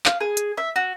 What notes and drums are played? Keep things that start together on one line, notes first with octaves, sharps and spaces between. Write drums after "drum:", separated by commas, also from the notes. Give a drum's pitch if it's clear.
F5, drum: clap
G#4
drum: hi-hat
E5
F#4